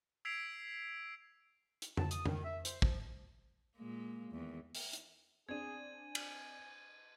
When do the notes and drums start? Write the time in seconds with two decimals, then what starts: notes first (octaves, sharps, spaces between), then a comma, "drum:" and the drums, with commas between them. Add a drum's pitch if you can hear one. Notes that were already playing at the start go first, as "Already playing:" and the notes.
0.25 E6 G#6 B6 C7 D7 F7
1.82 drum: hi-hat
1.97 A5, drum: tom F2
2.11 D#6, drum: hi-hat
2.26 D#3, drum: tom F2
2.44 E5
2.65 C5, drum: hi-hat
2.82 F3, drum: kick
3.76 A#2 G#3 A#3
4.31 E2 D#3
4.75 drum: open hi-hat
4.93 drum: hi-hat
5.49 C4 D4 G#4 G#6 D#7
5.95 G#5
6.15 drum: cymbal